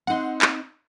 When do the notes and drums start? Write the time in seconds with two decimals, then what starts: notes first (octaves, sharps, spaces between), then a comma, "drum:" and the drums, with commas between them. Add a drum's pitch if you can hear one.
0.07 C4 D#4 F#5 C6
0.42 drum: clap